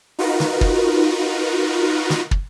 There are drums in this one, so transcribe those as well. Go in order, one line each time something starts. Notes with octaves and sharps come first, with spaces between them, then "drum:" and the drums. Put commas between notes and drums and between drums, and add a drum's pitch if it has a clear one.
D#4 F4 F#4 A#4 B4
drum: snare
drum: kick
drum: snare
drum: kick